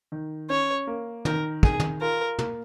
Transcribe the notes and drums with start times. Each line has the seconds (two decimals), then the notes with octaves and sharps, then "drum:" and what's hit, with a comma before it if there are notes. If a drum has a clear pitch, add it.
0.12 D#3
0.50 C#4 C#5
0.87 A#3
1.25 D#3 A#4, drum: tom
1.63 D#3 G#4, drum: kick
1.80 drum: tom
2.01 F4 A#4
2.39 A#3, drum: tom